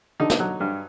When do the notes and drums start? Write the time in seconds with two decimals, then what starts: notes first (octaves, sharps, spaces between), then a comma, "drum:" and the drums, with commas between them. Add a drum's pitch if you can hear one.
0.20 D3 D#4
0.30 drum: snare
0.40 F#3
0.60 G2